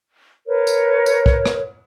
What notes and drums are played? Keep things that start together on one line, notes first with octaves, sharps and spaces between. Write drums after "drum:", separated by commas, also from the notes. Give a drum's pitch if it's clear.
A#4 B4 C#5
drum: tambourine
drum: tambourine
drum: kick
drum: rim click